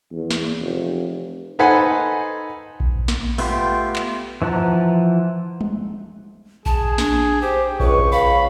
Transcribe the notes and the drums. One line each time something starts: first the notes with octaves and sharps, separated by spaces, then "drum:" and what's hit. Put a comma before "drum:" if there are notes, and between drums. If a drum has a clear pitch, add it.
E2
drum: snare
F1
D#4 A4 B4 C5 F#5 G#5
drum: kick A#1
drum: snare
A3 B3 F4 G4 C6, drum: open hi-hat
drum: clap
E3 F3 F#5 A5 A#5
drum: tom
G#4 A5, drum: kick A#1
D4, drum: snare
G4 C5
C#2 B4 C#6, drum: kick A#1
F5 B5